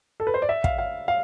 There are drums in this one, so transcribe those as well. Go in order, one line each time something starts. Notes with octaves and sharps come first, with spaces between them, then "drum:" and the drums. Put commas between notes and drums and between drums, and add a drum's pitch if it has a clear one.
A4
B4
C5
D5
E5
F5, drum: kick
F5
F5